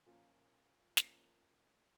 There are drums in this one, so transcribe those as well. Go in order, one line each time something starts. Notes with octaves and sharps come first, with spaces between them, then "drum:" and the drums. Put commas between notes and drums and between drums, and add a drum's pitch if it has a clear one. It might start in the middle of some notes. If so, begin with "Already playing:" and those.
A#2 F3 A#3 C#4 F4
F3 A#3 C#4, drum: snare